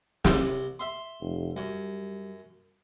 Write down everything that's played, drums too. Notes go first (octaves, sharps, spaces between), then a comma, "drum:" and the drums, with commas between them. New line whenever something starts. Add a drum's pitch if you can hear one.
C2, drum: snare
E5 C6
F1
F#2 G3